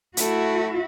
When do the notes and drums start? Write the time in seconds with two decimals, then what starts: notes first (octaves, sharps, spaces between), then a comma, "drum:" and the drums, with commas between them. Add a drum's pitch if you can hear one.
0.17 A3 E4 F#4, drum: hi-hat